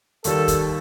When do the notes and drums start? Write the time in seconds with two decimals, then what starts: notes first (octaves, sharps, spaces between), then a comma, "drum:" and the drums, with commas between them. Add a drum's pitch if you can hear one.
0.24 D#2 D#3 G3 A4, drum: hi-hat
0.48 drum: kick, hi-hat